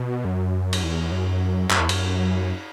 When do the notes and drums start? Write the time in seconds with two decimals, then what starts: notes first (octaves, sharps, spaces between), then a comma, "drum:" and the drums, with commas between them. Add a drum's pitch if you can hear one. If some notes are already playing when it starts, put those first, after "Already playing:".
Already playing: B2
0.25 F#2
0.73 drum: cymbal
0.83 E2
1.12 F#2
1.70 F#2, drum: clap
1.79 E2
1.89 F#2, drum: cymbal